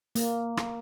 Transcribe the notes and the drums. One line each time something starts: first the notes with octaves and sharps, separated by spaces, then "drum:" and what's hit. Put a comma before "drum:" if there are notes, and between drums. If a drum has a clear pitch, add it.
A#3, drum: hi-hat
drum: rim click